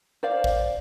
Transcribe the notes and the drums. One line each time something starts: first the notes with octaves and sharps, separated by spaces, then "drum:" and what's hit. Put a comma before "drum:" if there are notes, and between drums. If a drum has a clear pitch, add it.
C5 D5 F5
drum: kick